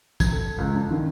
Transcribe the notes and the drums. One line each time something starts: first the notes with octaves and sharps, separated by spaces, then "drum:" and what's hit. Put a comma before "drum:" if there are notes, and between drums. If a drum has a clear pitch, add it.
G#6, drum: kick, tambourine
A4
C#2
D4
D#3